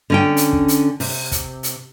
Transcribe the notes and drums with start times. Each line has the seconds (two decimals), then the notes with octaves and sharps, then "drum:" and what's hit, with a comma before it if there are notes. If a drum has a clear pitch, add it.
0.10 D3 C#4 G5
0.37 drum: hi-hat
0.53 drum: kick
0.68 drum: hi-hat
1.00 C3, drum: open hi-hat
1.32 drum: kick, hi-hat
1.63 drum: hi-hat